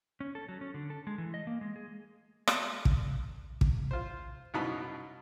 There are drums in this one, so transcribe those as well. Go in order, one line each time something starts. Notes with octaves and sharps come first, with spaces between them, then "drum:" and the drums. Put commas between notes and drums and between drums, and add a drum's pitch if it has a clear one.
C#4
A4
F#3
C#4
D3
A4
G#3
E3
D#5
A#3
G#3
G#4
drum: rim click
drum: kick
drum: kick
F4 C5
C2 F#2 B2 D#4 A5 B5